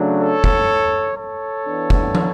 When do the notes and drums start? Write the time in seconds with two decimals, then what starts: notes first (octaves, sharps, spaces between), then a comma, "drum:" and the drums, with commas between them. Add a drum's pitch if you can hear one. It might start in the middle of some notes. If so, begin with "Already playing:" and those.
Already playing: C#3 F#3 A3 D4
0.19 A4 C#5
0.44 drum: kick
1.17 A4 C#5
1.66 E3 B3 D4
1.90 drum: kick
2.15 drum: tom